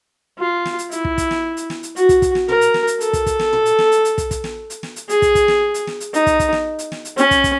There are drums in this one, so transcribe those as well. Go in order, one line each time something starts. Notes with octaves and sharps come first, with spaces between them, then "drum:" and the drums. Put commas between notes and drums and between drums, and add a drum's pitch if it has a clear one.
F4
drum: snare
drum: hi-hat
E4, drum: hi-hat
drum: kick
drum: kick, hi-hat
drum: snare
drum: hi-hat
drum: snare
drum: hi-hat
F#4, drum: hi-hat
drum: kick, hi-hat
drum: kick, hi-hat
drum: snare
A#4, drum: tom
drum: hi-hat
drum: snare
drum: hi-hat
A4, drum: hi-hat
drum: kick, hi-hat
drum: kick, hi-hat
drum: snare
drum: tom
drum: hi-hat
drum: snare
drum: hi-hat
drum: hi-hat
drum: kick, hi-hat
drum: kick, hi-hat
drum: snare
drum: hi-hat
drum: snare
drum: hi-hat
G#4, drum: hi-hat
drum: kick, hi-hat
drum: kick, hi-hat
drum: snare
drum: hi-hat
drum: snare
drum: hi-hat
D#4, drum: hi-hat
drum: kick, hi-hat
drum: kick, hi-hat
drum: snare
drum: hi-hat
drum: snare
drum: hi-hat
C#4, drum: hi-hat
drum: kick, hi-hat
drum: kick, hi-hat